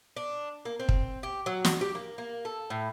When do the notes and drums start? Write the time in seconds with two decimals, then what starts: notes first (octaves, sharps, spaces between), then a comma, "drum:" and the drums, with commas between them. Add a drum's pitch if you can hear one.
0.16 D4
0.65 A#3
0.80 C4
0.89 drum: kick
1.23 G4
1.46 F#3
1.65 drum: snare
1.81 G4
1.95 A#3
2.18 A#3
2.45 A4
2.70 A2